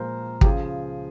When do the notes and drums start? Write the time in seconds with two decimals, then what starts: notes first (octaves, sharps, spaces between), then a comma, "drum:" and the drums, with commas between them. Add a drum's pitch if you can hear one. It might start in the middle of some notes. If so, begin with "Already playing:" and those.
Already playing: A#2 F3 G#3 A#4 C5
0.41 G4, drum: kick
0.45 C#2 C#3 F3 G#4